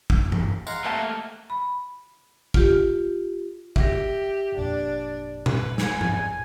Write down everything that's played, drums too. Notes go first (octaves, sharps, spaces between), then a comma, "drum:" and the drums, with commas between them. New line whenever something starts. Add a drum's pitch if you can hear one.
drum: kick
drum: tom G2
G#3 F5 F#5 A#5, drum: tambourine
C3 A3 A#3 E5 A5
B5
F4 G4, drum: kick
G4 E5 A#6, drum: kick
G1 F2 A#2 D4
B4, drum: tom A#2
G#5, drum: snare
drum: tom G#2